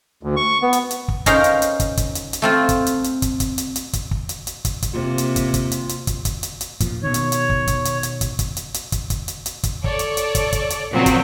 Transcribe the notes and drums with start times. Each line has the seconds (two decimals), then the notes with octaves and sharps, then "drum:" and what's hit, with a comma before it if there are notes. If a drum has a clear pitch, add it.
0.23 D2
0.36 C#6
0.62 B3
0.73 drum: hi-hat
0.91 drum: hi-hat
1.08 drum: kick
1.26 C#4 D#4 A#4 C5 F5, drum: kick, hi-hat
1.44 drum: hi-hat
1.62 drum: hi-hat
1.80 drum: kick, hi-hat
1.97 drum: kick, hi-hat
2.15 drum: hi-hat
2.33 drum: hi-hat
2.42 A3 C4 F4
2.69 drum: kick, hi-hat
2.86 drum: hi-hat
3.04 drum: hi-hat
3.22 drum: kick, hi-hat
3.40 drum: kick, hi-hat
3.58 drum: hi-hat
3.76 drum: hi-hat
3.93 drum: kick, hi-hat
4.11 drum: kick
4.29 drum: hi-hat
4.47 drum: hi-hat
4.65 drum: kick, hi-hat
4.82 drum: kick, hi-hat
4.93 C3 A#3 F4
5.18 drum: hi-hat
5.36 drum: kick, hi-hat
5.54 drum: kick, hi-hat
5.72 drum: hi-hat
5.89 drum: hi-hat
6.07 drum: kick, hi-hat
6.25 drum: kick, hi-hat
6.43 drum: hi-hat
6.61 drum: hi-hat
6.80 A#2 F3, drum: kick, hi-hat
7.03 B2 D#3 C#5
7.14 drum: hi-hat
7.32 drum: hi-hat
7.50 drum: kick
7.67 drum: kick, hi-hat
7.85 drum: hi-hat
8.03 drum: hi-hat
8.21 drum: kick, hi-hat
8.39 drum: kick, hi-hat
8.57 drum: hi-hat
8.74 drum: hi-hat
8.92 drum: kick, hi-hat
9.10 drum: kick, hi-hat
9.28 drum: hi-hat
9.46 drum: hi-hat
9.63 drum: kick, hi-hat
9.84 A4 C#5 D5, drum: kick
9.99 drum: hi-hat
10.17 drum: hi-hat
10.35 drum: kick, hi-hat
10.53 drum: kick, hi-hat
10.70 drum: hi-hat
10.92 A#2 C#3 F3 F#3 B3 C4
11.06 drum: kick, hi-hat